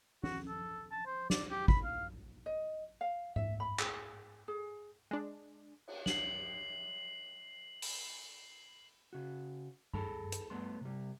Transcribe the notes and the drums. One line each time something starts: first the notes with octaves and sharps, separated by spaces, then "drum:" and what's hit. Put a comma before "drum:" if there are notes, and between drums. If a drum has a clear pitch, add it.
F#4, drum: tom
A4
A5
C5
D5, drum: snare
G4
B5, drum: kick
F5
D#5
F5
E5, drum: tom G#2
B5
G#4, drum: clap
G#4
G#3 D4
drum: cymbal
C7 F#7, drum: snare
drum: open hi-hat
C#3 F#4
G#4 A4 A5 B5, drum: tom G2
drum: hi-hat
G2 A3 B3 C6
C3 G3